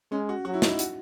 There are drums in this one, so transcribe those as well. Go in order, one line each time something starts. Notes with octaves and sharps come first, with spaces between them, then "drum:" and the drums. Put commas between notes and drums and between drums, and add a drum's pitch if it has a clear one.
G#3 C#4
F#4
F#3 F#4
E4
D#4, drum: snare
E4
F#4, drum: hi-hat